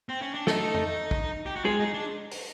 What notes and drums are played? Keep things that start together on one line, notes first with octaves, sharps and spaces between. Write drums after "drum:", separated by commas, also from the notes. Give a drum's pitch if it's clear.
C4
C#4
D4
A3 D#4 A4, drum: snare
drum: tom
drum: kick
G4
F#4
G#3 F4 G#4
D#4
D4
drum: open hi-hat